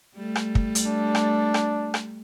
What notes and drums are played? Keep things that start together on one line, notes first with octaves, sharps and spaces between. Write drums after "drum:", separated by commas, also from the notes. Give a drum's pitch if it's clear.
G3 A3
drum: rim click
drum: kick
drum: hi-hat
D4
drum: rim click
drum: rim click
drum: rim click